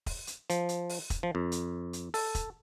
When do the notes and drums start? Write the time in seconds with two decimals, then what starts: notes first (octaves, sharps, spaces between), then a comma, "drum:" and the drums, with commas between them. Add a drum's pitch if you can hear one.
0.06 drum: kick, open hi-hat
0.27 drum: hi-hat
0.50 F3, drum: hi-hat
0.69 drum: hi-hat
0.89 drum: open hi-hat
1.10 drum: kick, hi-hat
1.23 F3
1.35 F2
1.52 drum: hi-hat
1.93 drum: hi-hat
2.14 A4, drum: open hi-hat
2.35 drum: kick, hi-hat